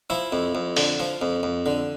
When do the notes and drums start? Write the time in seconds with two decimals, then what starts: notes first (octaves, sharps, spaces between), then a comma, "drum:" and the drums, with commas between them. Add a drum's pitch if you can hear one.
0.10 F3 E4
0.32 F2
0.55 F2
0.77 D3, drum: open hi-hat
1.00 F3
1.22 F2
1.43 F2
1.66 D3